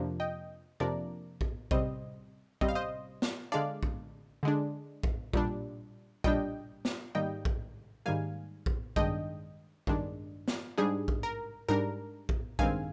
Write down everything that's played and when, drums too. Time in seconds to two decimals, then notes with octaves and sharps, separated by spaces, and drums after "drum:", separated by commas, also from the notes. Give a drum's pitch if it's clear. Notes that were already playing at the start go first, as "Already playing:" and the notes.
Already playing: F2 C3 F3 A#3 D4
0.20 D#5 G5
0.80 F2 C3 F3 A#3 D4 A#4 D5
1.41 drum: kick A#1
1.71 C3 G3 C4 C5 D#5, drum: kick A#1
2.61 C3 G3 C4 D#5, drum: kick A#1
2.69 F5
2.75 C5 D#5
3.22 drum: snare
3.52 D3 G#3 D4 D5 F5
3.83 drum: kick A#1
4.43 D3 G#3 D4
5.03 drum: kick A#1
5.33 A#2 G3 D4, drum: kick A#1
6.24 A#2 G3 D4 D#5 G5, drum: kick A#1
6.85 drum: snare
7.15 G#2 D#3 G3 A#3 D#5 G5
7.45 drum: kick A#1
8.06 G#2 D#3 G3 A#3 F5 G#5
8.66 drum: kick A#1
8.96 G2 D#3 G#3 D4 D#5 G5, drum: kick A#1
9.87 G2 D#3 G#3 D4, drum: kick A#1
10.48 drum: snare
10.78 G#2 G3 D4 G#4
11.08 drum: kick A#1
11.23 A#4
11.69 G#2 G3 D4 A#4
12.29 drum: kick A#1
12.59 G2 D#3 G#3 C4 F5 G#5, drum: kick A#1